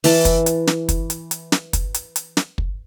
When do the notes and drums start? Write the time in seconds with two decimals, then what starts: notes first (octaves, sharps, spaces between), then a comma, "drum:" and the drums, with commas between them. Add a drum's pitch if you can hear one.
0.04 E3 A5, drum: open hi-hat
0.25 drum: kick, hi-hat
0.46 drum: hi-hat
0.67 drum: snare
0.89 drum: kick, hi-hat
1.10 drum: hi-hat
1.31 drum: hi-hat
1.52 drum: snare
1.73 drum: kick, hi-hat
1.94 drum: hi-hat
2.16 drum: hi-hat
2.37 drum: snare
2.58 drum: kick